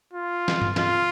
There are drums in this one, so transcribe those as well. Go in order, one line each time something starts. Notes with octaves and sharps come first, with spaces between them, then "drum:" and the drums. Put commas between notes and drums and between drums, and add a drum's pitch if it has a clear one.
F4
drum: snare
drum: tom G2
F4, drum: snare